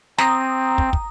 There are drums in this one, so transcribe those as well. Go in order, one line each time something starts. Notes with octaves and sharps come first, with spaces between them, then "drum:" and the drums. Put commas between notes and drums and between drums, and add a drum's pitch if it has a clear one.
C4 A#5 D#6, drum: snare
drum: kick
drum: kick